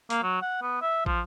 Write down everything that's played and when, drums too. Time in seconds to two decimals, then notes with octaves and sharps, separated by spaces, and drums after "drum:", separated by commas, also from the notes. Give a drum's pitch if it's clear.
0.10 A#3, drum: hi-hat
0.23 F#3
0.42 F#5
0.62 B3
0.81 E5
1.06 F3, drum: kick